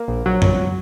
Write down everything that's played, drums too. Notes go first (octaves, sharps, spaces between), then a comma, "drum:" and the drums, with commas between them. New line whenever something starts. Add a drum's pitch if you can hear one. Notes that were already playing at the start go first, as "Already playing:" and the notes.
Already playing: A#3
A#1
A#1 F#3
A#1, drum: tom